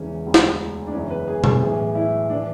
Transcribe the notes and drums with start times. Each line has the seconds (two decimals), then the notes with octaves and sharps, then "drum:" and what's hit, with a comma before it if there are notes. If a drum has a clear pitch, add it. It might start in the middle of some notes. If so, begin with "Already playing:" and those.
Already playing: E1 E2 C#3 E3 C#4
0.24 E1 D2 C#3
0.34 drum: snare
0.87 D4
0.92 F#1 E2 C#3 E3 C#4
1.10 B4
1.28 G#4
1.44 G#4, drum: tom B2
1.62 B1 A2 E3 G#4
1.95 E4
2.30 E3 D4